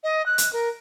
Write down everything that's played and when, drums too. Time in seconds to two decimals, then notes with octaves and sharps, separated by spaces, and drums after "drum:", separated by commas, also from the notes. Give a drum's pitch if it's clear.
0.04 D#5
0.26 F#6
0.38 drum: hi-hat
0.53 A#4